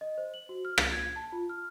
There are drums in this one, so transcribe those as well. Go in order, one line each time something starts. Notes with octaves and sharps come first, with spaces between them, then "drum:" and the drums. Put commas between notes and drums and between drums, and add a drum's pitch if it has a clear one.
D#5
C5
F#7
F#4
F6
A6, drum: rim click
G#6
A5
F4
F6